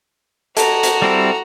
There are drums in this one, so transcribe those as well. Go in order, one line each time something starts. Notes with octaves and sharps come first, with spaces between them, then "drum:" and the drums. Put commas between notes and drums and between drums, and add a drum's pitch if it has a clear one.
F#4 A4 A5 A#5, drum: hi-hat
drum: hi-hat
G3 C4 E4